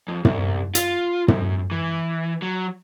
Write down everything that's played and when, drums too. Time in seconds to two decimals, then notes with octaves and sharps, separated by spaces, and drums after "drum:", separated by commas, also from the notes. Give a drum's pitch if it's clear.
0.08 F2
0.25 C2, drum: tom
0.75 F4, drum: hi-hat
1.28 F#2, drum: tom
1.71 E3
2.42 F#3